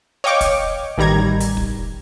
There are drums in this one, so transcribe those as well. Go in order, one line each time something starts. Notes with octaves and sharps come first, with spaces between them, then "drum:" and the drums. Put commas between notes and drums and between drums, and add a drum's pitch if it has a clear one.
C#5 D#5 F5 G5 C#6 D6
drum: kick, hi-hat
A1 D#3 G3 A#5 G#6
drum: hi-hat
drum: kick